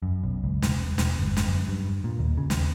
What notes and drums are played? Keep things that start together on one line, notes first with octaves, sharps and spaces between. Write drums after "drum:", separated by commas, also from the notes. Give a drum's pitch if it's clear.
F#2
B1
C#2
E1, drum: snare
E1, drum: snare
G1
drum: snare
F#2
G2
A#2
D#2
C#3
D#2, drum: snare